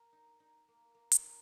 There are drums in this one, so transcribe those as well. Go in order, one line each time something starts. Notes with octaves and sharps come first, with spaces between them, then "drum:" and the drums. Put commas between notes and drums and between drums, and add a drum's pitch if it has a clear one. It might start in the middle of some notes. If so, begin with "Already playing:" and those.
Already playing: A#4
D#4
D#4
A#3
A#3
drum: hi-hat
D#4